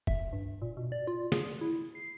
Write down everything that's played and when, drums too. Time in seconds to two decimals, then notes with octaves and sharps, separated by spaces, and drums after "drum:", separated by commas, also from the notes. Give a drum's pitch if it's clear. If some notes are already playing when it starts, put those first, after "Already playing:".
0.07 E5, drum: kick
0.33 G2
0.62 A#2
0.77 B2
0.92 D5
1.07 F4
1.32 G#4, drum: snare
1.61 E4
1.95 C7